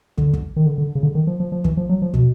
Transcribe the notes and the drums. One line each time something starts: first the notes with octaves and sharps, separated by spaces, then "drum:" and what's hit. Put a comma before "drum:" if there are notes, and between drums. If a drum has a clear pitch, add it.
D3, drum: kick
drum: kick
D#3
D3
D3
C#3
D3
D#3
F3
F3
F3
E3, drum: kick
F3
F#3
F3
B2, drum: kick